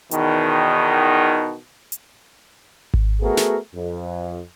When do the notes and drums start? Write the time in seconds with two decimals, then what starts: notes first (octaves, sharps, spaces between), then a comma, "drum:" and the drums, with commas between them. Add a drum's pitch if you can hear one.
0.11 E2 B2 D#3, drum: hi-hat
1.92 drum: hi-hat
2.94 drum: kick G#1
3.21 A3 B3 F#4 G#4 A#4
3.37 drum: snare
3.73 F2